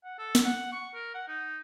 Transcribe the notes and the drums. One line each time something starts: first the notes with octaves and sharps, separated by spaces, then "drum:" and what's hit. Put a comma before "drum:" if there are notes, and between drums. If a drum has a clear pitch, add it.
F#5
A4
drum: snare
F#5
C#6
A#4
F#5
D#4